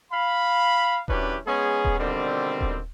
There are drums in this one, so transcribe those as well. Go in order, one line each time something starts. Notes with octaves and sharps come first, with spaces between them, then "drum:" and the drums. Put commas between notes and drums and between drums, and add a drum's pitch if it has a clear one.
F5 B5
F#2 E3 C#4 D4 G4 B4, drum: kick D#1
G#3 B3 C#4 G#4
drum: kick D#1
B2 D3 D#3 G3 C4
drum: kick D#1